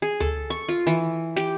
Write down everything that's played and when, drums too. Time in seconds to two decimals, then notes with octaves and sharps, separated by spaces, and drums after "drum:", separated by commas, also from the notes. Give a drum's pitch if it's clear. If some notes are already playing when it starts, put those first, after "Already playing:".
0.02 G#4
0.20 A4, drum: tom D2
0.50 C#6
0.69 F4
0.87 E3
1.36 G4, drum: snare